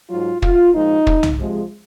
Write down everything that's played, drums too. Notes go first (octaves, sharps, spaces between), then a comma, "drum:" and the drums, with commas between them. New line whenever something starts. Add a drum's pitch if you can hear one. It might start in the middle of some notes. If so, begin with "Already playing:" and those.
G#2 F#3 F4
F4, drum: kick
A#2 F3 G#3 D#4
drum: kick
drum: tom C2
C3 F3 G#3